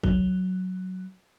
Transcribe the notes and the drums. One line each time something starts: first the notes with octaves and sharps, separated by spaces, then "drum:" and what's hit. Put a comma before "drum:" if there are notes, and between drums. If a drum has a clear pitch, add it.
F#3, drum: kick C2